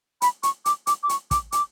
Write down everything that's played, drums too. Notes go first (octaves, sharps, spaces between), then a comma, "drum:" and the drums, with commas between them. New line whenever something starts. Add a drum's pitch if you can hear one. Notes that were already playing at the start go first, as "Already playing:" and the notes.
B5, drum: hi-hat
C#6, drum: hi-hat
D6, drum: hi-hat
D6, drum: hi-hat
D6
C#6, drum: hi-hat
D6, drum: kick, hi-hat
D6, drum: hi-hat